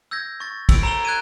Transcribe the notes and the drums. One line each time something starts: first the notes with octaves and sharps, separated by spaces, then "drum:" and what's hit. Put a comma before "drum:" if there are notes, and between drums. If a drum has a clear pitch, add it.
E6 G6 G#6 A#6
C#6 A6
E6 D7, drum: kick, cymbal
A#5 B5 E6 A6 F7 G7
F#6 G#6 D7 D#7